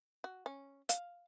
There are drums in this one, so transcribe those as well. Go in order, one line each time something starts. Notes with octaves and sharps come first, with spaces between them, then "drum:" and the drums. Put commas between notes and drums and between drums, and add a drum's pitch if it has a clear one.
F#4
C#4
F5, drum: hi-hat